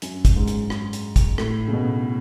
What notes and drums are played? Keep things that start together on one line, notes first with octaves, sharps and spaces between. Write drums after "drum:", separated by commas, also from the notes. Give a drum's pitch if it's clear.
F#2, drum: hi-hat
drum: kick, hi-hat
G#2
drum: hi-hat
drum: rim click
drum: hi-hat
drum: kick, hi-hat
A2, drum: rim click
C#3
B2